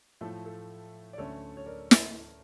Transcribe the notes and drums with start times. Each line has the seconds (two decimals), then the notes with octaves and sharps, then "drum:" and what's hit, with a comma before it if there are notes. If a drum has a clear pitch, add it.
0.21 A2 F3 A3 A4
0.46 A4
1.13 D5
1.18 D2 D3 A3 C#4 A4 C#5
1.57 C#5
1.66 A#4 D5
1.91 drum: snare